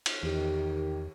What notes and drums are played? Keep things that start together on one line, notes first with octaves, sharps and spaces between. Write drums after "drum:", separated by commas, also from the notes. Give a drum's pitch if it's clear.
drum: cymbal
E2 D#3 G4